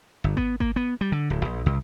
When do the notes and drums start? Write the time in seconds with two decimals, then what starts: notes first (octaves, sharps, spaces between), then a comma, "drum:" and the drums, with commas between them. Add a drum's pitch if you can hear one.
0.24 G1
0.37 B3, drum: kick G#1
0.60 A#3, drum: kick G#1
0.76 B3
1.01 G3
1.12 D3
1.30 D1
1.45 A#1
1.66 C2